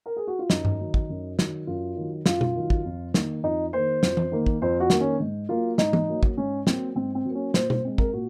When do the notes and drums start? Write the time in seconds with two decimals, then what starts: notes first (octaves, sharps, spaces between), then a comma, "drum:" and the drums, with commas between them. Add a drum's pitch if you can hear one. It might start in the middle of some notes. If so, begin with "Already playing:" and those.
0.06 A#4
0.16 G#4
0.27 F#4
0.39 F4
0.50 F#2 D#4, drum: snare
0.65 drum: tom G2
0.80 D#3 F#3
0.94 drum: kick
1.09 F#2
1.39 D#3 F#3, drum: snare
1.67 F#2 F4
1.96 D#3 F#3
2.26 F#2 F4, drum: snare
2.41 drum: tom B2
2.56 D#3 F#3
2.70 drum: kick
2.85 F2
3.14 D#3 A#3, drum: snare
3.43 F2 D#4
3.73 D#3 A#3 C5
4.03 F2, drum: snare
4.17 drum: tom E3
4.32 D#3 A#3
4.46 drum: kick
4.62 F2 C5
4.80 F#4
4.90 D#3 A#3, drum: snare
5.00 C#4
5.20 G#2
5.49 F#3 A#3 F4
5.78 G#2 D#4, drum: snare
5.93 drum: tom
6.09 F#3 A#3
6.23 drum: kick
6.37 G#2 C#4
6.67 F#3 A#3 C4, drum: snare
6.95 G#2 C4
7.15 C4
7.25 F#3 A#3
7.35 C#4
7.54 A#2 C5, drum: snare
7.70 C5, drum: tom B2
7.85 G#3 C4
7.98 A#4, drum: kick
8.13 A#2 F#4